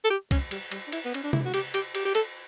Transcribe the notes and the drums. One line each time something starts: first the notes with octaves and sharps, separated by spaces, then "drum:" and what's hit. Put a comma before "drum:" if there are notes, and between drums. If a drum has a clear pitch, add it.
A4
G4
C#4, drum: kick, cymbal
G3, drum: cymbal
G3, drum: cymbal
D4
E4, drum: cymbal
B3
C#4, drum: cymbal
D4
E4, drum: tom C3
F#4
G4, drum: cymbal
G4, drum: cymbal
G4, drum: cymbal
G4
A4, drum: cymbal